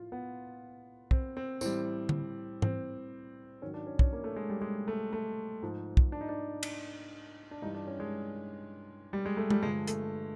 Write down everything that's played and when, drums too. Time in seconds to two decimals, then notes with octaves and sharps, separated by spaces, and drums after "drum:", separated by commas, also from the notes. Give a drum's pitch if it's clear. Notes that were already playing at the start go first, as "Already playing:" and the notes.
Already playing: A2 F3 F4
0.12 B3
1.11 C4, drum: kick
1.37 C4
1.61 A2 E3 G3 C4, drum: tambourine
2.09 drum: tom D3
2.62 C4, drum: tom G#2
3.62 G#2 D#3 F#3 C#4
3.74 D4
3.87 C#4
3.99 C#4, drum: kick
4.13 A#3
4.24 A3
4.36 G#3
4.50 G3
4.62 G#3
4.88 A3
5.13 A3
5.63 G#2 F3
5.97 drum: kick
6.12 D4
6.21 D#4
6.29 D4
6.63 drum: cymbal
7.51 D4
7.62 G2 E3 G3 D#4
7.74 D4
7.87 C#4
8.00 G#3
9.13 G3
9.26 G#3
9.37 A3
9.50 G3, drum: tom G#3
9.62 G2 D3 F3 G#3
9.87 A3, drum: hi-hat